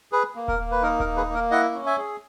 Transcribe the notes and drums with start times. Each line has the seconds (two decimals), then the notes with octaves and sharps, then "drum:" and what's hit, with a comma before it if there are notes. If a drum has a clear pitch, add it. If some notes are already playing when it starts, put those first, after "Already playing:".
0.12 G#4 B4
0.35 A#3
0.48 A#4, drum: kick D#1
0.59 A#3
0.71 B4
0.82 D#4 A#4
1.00 A#4, drum: kick D#1
1.05 A#3
1.17 G#4 B4
1.28 A#3
1.34 A#4
1.51 E4 D#5 F#5
1.74 C#4
1.86 E5 G#5
1.98 G#4